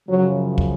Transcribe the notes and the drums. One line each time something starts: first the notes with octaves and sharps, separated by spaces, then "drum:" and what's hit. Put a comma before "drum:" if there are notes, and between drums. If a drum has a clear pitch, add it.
F#2 C#3 F3 F#3
drum: kick